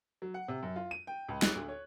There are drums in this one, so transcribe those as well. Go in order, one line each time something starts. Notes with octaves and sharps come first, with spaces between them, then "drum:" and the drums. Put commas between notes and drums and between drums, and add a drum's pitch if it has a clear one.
F#3
F#5
C3
F#2
F4
D#7
G5
C#2
F#6, drum: snare
D2
C#5